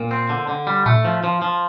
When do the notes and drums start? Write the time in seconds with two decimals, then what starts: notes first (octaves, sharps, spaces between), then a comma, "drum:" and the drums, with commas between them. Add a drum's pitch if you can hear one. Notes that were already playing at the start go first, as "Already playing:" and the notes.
Already playing: A#2
0.11 C4
0.29 D3
0.48 D3
0.67 G3
0.86 A3, drum: tom A2
1.05 F3
1.24 F3
1.42 F3